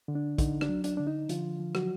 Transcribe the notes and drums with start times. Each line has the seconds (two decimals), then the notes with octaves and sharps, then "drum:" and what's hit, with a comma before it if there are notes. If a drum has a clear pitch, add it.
0.08 D3
0.15 D4
0.38 D3 D#4, drum: kick, hi-hat
0.61 D4, drum: rim click
0.69 F#3
0.84 D4, drum: hi-hat
0.97 D3 D4
1.07 D#4
1.29 D3 F3 F4, drum: hi-hat
1.60 F3
1.75 F#3 F#4, drum: rim click